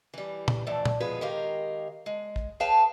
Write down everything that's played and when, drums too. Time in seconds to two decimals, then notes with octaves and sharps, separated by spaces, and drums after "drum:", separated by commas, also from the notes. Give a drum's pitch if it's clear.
0.14 E3 G3
0.48 drum: tom
0.66 F2 A2 E3 D5
0.85 drum: tom
1.00 B2 F3 G#3 B3 G#4 B4
1.21 D#3 G#3 G4 A#4 F5
2.06 G#3
2.36 drum: kick
2.60 G#4 B4 C#5 F5 G5 A5